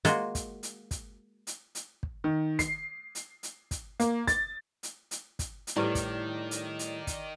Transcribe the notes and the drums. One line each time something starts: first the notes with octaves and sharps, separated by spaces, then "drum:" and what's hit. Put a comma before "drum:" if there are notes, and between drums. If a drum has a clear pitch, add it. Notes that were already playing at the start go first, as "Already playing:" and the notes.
G#3 A#3 F4 F#4, drum: hi-hat
drum: kick, hi-hat
drum: hi-hat
drum: kick, hi-hat
drum: hi-hat
drum: hi-hat
drum: kick
D#3
C7, drum: kick, hi-hat
drum: hi-hat
drum: hi-hat
drum: kick, hi-hat
A#3, drum: hi-hat
A6, drum: kick, hi-hat
drum: hi-hat
drum: hi-hat
drum: kick, hi-hat
drum: hi-hat
A2 D#3 G3 E4 G4 B4 D5
drum: kick, hi-hat
drum: hi-hat
drum: hi-hat
drum: kick, hi-hat